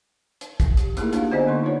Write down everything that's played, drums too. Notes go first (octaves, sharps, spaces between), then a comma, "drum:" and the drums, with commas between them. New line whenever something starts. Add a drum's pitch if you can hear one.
drum: hi-hat
drum: kick, hi-hat
G4, drum: hi-hat
A3 A#3 D#4 E4 G#4 A#4, drum: hi-hat
A#3 D4 F4 G4 F5, drum: hi-hat
D3 B3 C5 D5 D#5 G#5
D3 A#3 D#4 C6 C#6
D#4 F4 B4 C#5 D5